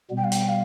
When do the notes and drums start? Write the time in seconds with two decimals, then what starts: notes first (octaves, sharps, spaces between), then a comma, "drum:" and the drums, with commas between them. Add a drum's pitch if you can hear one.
0.10 B2 G3 B3
0.17 G5
0.24 F5
0.32 G5, drum: hi-hat
0.49 F5